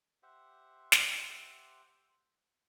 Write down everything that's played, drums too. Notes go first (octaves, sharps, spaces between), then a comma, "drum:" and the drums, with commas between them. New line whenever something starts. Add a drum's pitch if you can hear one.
G4 C5 E5 F#5
drum: snare